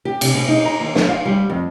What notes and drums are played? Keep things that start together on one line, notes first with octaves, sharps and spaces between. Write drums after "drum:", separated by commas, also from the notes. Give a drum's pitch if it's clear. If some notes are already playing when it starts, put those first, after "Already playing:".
G4
C3, drum: cymbal
B2
D#4
A#5
D#2
B3, drum: snare
F5
G3
F2